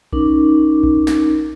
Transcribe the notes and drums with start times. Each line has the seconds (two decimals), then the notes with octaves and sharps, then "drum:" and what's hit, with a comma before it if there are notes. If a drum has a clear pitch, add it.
0.13 C#4 D#4 A#4 D6, drum: kick A#1
0.83 drum: kick A#1
1.07 drum: snare